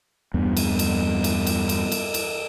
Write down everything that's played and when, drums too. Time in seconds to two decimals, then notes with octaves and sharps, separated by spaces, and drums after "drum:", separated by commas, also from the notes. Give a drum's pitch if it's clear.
0.34 E2 G2 B3
0.57 drum: cymbal
0.79 drum: cymbal
1.24 drum: cymbal
1.47 drum: cymbal
1.69 drum: cymbal
1.92 drum: cymbal
2.14 drum: cymbal